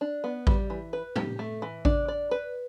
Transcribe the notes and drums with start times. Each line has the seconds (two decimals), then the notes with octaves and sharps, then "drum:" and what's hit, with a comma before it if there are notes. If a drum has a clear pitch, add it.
0.01 D4
0.24 B3
0.47 G3, drum: kick A1
0.70 E3
0.93 B4
1.16 G4, drum: tom
1.39 A3
1.62 E3
1.85 D4, drum: kick A1
2.08 D5
2.31 B4